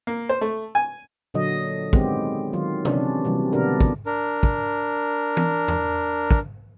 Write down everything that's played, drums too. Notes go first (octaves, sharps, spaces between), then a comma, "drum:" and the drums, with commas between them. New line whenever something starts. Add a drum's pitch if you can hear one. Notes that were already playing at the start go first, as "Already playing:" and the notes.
A#3
C5
A3
G#5
A#2 D3 F#3 D#5
D#3 G#3 B3 C4 G4, drum: kick
D#3 F#3 F4
C3 E3 C#4 D4, drum: tom
C3 E3 F#3 G3 A#3
B2 D3 B3 D4 A#4
drum: kick
D4 A#4
drum: kick
drum: tom E3
drum: tom E2
drum: kick